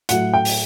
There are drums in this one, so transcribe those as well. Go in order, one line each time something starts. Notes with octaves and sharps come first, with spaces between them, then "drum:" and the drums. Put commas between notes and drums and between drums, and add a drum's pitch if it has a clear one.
A2 F#3 F#5, drum: hi-hat
G5
drum: open hi-hat